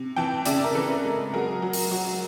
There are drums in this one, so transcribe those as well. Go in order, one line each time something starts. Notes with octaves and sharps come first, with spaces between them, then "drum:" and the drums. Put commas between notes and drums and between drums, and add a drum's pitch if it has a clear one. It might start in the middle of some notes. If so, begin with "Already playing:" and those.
Already playing: C3
E3 G5 A5
C#3 D5 E5, drum: hi-hat
A#4
E3 A4 B4
G#3
F#3 G#4 A#4
F#3
drum: open hi-hat
F#3